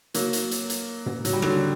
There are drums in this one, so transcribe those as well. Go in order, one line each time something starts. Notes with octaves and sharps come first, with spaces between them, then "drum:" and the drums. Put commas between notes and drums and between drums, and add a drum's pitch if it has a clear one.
F#3 A#3, drum: hi-hat
drum: hi-hat
drum: hi-hat
drum: hi-hat
drum: tom
F#3, drum: hi-hat
G3
D3 F#3, drum: rim click